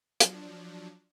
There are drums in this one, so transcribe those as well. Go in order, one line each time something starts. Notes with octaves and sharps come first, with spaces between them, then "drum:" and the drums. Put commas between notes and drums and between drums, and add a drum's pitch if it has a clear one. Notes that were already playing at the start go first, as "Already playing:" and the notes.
F3 F#3 D4, drum: hi-hat